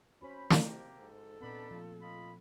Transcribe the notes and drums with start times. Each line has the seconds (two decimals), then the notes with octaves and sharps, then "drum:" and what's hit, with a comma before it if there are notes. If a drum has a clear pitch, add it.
0.22 C#4 F#4 C5 B5
0.50 drum: snare
0.63 C3 A#3 G4 A#5
1.00 G#2 A4
1.41 A#2 B3 C4 D4 D#4 B5
1.71 F3 A3 F4
2.01 F4 D#5 B5